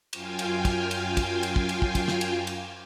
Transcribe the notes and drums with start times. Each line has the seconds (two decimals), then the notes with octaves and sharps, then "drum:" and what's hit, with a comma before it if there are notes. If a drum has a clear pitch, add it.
0.13 F#2 F4 F5 G5 G#5, drum: cymbal
0.39 drum: cymbal
0.65 drum: kick, cymbal
0.91 drum: cymbal
1.17 drum: kick, cymbal
1.43 drum: cymbal
1.56 drum: kick
1.69 drum: cymbal
1.82 drum: kick
1.95 drum: kick, cymbal
2.08 drum: snare
2.21 drum: cymbal
2.47 drum: cymbal